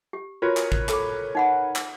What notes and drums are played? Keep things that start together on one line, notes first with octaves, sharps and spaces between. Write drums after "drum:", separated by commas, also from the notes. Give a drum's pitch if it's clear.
G4
F4 F#4 A#4 B4 C#5
drum: clap
drum: kick A1
A4 D6, drum: clap
D#4 F#5 B5
drum: clap